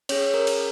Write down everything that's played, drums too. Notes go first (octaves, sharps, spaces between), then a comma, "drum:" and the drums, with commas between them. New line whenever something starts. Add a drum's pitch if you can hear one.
C#4 G#4 C#5, drum: cymbal
A#4
drum: cymbal